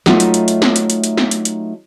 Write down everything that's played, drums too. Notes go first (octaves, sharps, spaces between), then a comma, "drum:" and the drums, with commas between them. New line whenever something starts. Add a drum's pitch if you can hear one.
F#3 A3 D#4 F4 E5, drum: snare
drum: hi-hat
drum: hi-hat
drum: hi-hat
drum: snare
drum: hi-hat
drum: hi-hat
drum: hi-hat
drum: snare
drum: hi-hat
drum: hi-hat